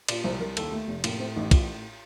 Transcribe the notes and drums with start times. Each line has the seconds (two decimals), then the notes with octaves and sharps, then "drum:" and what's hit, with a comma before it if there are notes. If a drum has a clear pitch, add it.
0.08 A#2 D5, drum: cymbal
0.24 C2 C5
0.40 C2 A#4
0.57 D#2 A4, drum: cymbal
0.72 A3
0.88 F1
1.04 A2 A#3, drum: cymbal
1.19 A3 C4
1.36 A1 D#4
1.51 A2 F4, drum: kick, cymbal